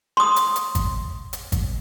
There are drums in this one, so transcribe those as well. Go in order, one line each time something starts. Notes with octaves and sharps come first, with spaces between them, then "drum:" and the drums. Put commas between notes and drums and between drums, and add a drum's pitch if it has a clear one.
C6 D#6
drum: hi-hat
drum: hi-hat
drum: kick G#1, hi-hat
drum: hi-hat
drum: kick G#1, hi-hat